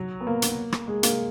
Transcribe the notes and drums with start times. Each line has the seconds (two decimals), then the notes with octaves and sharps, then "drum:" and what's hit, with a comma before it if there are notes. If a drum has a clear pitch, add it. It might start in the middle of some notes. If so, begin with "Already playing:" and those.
Already playing: F#3
0.21 B3
0.27 A#3
0.42 drum: hi-hat
0.72 drum: rim click
0.88 G#3
1.03 A#3, drum: hi-hat